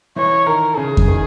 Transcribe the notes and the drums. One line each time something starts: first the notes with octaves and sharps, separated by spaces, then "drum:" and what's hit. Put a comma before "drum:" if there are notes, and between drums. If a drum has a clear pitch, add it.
E3 C#5
D#3 A#4
C#3 G#4
drum: kick F2
D#3